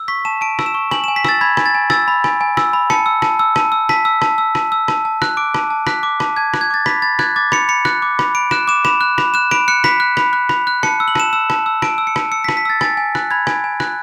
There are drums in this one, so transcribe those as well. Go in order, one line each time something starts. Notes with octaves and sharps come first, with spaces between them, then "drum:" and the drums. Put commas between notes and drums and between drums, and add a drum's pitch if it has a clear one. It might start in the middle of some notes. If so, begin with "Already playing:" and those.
Already playing: E6
C#6 B6
A5 E7
A5 D7
E6, drum: rim click
E7
C#6
G#5 F#7, drum: rim click
E7
G#5
B6
E6 A6, drum: rim click
B5 G#6
G#5, drum: rim click
A6
G#5
E6 A6, drum: rim click
B5
G#5, drum: rim click
G#5
E6, drum: rim click
B5
A5 C#7, drum: rim click
E6
A5, drum: rim click
E6
A5, drum: rim click
E6
A5 B6, drum: rim click
E6
A5, drum: rim click
E6
A5, drum: rim click
E6
A5, drum: rim click
A5
F#6, drum: rim click
D6 D7
A5, drum: rim click
A5
F#6 B6, drum: rim click
D6
A5, drum: rim click
A5 G#6
F#6, drum: rim click
G#6
D6 A6
B5 B6, drum: rim click
B5 A6
F#6 G#6, drum: rim click
D6 A6
B5 C#7, drum: rim click
B5 C#7
F#6, drum: rim click
D6
B5, drum: rim click
B5 D7
F#6 E7, drum: rim click
D6 E7
B5 E7, drum: rim click
F#6
B5, drum: rim click
F#6 E7
B5 D7, drum: rim click
F#6 C#7
B5 B6, drum: rim click
F#6
B5, drum: rim click
F#6
B5, drum: rim click
F#6
A5 C#7, drum: rim click
E6
F#7
A5 E7, drum: rim click
E6 E7
A5, drum: rim click
E6
A5 D7, drum: rim click
E6
C#7
A5, drum: rim click
E6 C#7
B6
A5, drum: rim click
B6
E6 A6
G#5 A6, drum: rim click
G#5
F#6, drum: rim click
B5 G#6
G#5, drum: rim click
G#5
F#6, drum: rim click